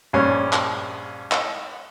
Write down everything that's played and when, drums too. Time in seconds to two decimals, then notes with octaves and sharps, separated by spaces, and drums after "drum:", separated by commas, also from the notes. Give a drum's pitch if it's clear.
0.13 A#1 G2 C#4
0.53 drum: clap
1.32 drum: clap